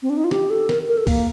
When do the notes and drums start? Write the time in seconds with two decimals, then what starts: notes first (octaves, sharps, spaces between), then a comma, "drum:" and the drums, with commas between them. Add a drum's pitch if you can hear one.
0.02 C4
0.10 D4
0.17 D#4
0.24 F4
0.31 G4, drum: snare
0.50 A4
0.69 A#4, drum: snare
0.88 A#4
0.97 A4
1.07 A#3, drum: kick, open hi-hat